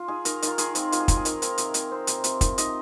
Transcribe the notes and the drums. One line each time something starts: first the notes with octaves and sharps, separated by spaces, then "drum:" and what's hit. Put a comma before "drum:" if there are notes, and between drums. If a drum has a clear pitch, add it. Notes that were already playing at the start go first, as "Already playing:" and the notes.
Already playing: F4
D#4 G#4
D#3 A#4, drum: hi-hat
D#3 F4, drum: hi-hat
D#3 G#4, drum: hi-hat
C4 F4, drum: hi-hat
D#3 F4, drum: hi-hat
G#4
G#3 A#4, drum: kick, hi-hat
G#4
D#3 A#4, drum: hi-hat
C4 A#4, drum: hi-hat
C3, drum: hi-hat
C3, drum: hi-hat
C4 C5
C3, drum: hi-hat
C3, drum: hi-hat
D#3, drum: kick, hi-hat
D#4 D#5, drum: hi-hat